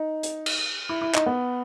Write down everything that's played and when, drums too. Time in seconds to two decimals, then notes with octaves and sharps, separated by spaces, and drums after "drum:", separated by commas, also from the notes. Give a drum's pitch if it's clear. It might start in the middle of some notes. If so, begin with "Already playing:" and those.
Already playing: D#4
0.23 drum: hi-hat
0.46 drum: cymbal
0.89 E4
1.02 E4
1.14 D#4, drum: clap
1.26 B3